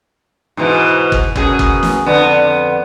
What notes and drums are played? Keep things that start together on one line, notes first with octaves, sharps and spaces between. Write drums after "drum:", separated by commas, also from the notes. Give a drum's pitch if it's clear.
G#2 B2 E3
drum: kick G1
F#2 B2 G#4, drum: kick G1
drum: kick G1
drum: snare
F2 D3 B3